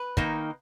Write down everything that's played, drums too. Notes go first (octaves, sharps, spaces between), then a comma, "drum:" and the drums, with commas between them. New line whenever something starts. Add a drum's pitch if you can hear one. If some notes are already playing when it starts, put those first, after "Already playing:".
Already playing: B4
D#3 A#3 D#4, drum: kick